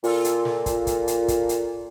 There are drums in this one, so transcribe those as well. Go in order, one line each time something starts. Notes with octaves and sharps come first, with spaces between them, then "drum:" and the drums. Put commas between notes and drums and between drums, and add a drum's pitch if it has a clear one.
A#2 F4 A4, drum: open hi-hat
drum: hi-hat
drum: snare
drum: kick, hi-hat
drum: kick, hi-hat
drum: hi-hat
drum: kick, hi-hat
drum: hi-hat